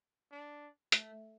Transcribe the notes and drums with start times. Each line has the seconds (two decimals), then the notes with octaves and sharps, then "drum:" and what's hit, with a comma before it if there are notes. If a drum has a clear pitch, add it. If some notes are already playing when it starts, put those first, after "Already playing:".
0.32 D4
0.92 A3, drum: hi-hat